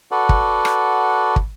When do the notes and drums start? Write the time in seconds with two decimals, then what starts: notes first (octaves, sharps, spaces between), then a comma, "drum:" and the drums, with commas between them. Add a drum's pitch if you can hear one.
0.11 F#4 A4 B4 D5 F#5
0.29 drum: kick
0.65 drum: rim click
1.36 drum: kick